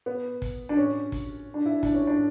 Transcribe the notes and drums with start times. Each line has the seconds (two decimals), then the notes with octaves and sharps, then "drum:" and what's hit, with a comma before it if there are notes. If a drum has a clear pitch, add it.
0.06 B3
0.42 drum: kick, hi-hat
0.69 D4
0.77 C#4
1.12 drum: kick, hi-hat
1.54 D4
1.66 E4
1.83 D4, drum: kick, hi-hat
1.94 C#4
2.07 D4